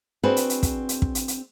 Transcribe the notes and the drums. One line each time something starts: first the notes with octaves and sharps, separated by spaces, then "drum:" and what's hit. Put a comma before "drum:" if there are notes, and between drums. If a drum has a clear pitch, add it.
C4 D4 F#4 G#4 B4
drum: hi-hat
drum: hi-hat
drum: kick, hi-hat
drum: hi-hat
drum: kick
drum: hi-hat
drum: hi-hat